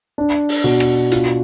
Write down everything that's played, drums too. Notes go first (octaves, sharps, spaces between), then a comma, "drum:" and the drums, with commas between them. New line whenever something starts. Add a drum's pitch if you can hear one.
D4
drum: open hi-hat
B2
drum: rim click
F4, drum: hi-hat